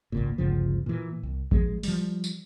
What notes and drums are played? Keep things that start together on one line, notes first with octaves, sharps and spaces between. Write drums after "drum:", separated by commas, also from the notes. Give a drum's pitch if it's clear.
G#1 C#2 A#2
G1 D2 C#3 F3
A#2 E3
C2
F3 G#3, drum: kick A1
F3 G3, drum: open hi-hat
drum: tambourine